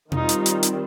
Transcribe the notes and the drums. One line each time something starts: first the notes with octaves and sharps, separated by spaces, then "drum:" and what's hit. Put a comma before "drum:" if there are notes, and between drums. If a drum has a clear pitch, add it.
D#3 G3 C4 D#4 F4, drum: tom B2
drum: hi-hat
drum: hi-hat
drum: hi-hat